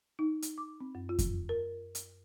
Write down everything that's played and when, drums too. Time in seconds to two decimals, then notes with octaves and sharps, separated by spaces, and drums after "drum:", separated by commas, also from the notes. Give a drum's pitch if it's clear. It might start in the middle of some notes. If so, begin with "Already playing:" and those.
0.19 D#4
0.42 drum: hi-hat
0.58 D6
0.80 C4
0.95 F#2
1.09 F4
1.19 drum: kick F2, hi-hat
1.49 A#4
1.95 drum: hi-hat